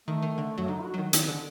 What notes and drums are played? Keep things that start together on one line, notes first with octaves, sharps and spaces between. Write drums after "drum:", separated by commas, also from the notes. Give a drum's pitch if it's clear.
D#3 A3
D#3
D3
F#2 F#3
D3 D#4
F#4
F#3
D#3
D#3, drum: hi-hat
D3